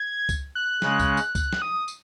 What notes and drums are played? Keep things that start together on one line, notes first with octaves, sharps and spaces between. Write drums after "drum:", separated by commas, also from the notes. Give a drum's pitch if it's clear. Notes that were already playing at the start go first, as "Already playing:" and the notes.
Already playing: G#6
drum: kick C#2, tambourine
F#6
C#3 G#3 C#4, drum: snare
drum: kick C#2, tambourine
drum: tambourine
F#6, drum: kick C#2, tambourine
drum: snare
D#6
drum: tambourine